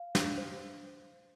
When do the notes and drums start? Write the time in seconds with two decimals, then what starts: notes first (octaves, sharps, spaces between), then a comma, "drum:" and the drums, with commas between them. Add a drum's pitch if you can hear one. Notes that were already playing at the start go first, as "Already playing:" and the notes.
Already playing: F5
0.15 D4, drum: snare
0.38 C5